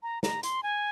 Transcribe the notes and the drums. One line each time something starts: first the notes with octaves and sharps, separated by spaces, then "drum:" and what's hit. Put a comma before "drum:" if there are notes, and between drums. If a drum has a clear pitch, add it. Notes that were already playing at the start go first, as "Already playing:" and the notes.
A#5
A#5, drum: snare
C6, drum: hi-hat
G#5